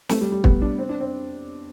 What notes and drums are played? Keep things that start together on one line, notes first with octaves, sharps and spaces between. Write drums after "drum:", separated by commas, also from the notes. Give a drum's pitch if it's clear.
A3, drum: snare
G3
G3
B3, drum: kick
D4
C4
D4
C4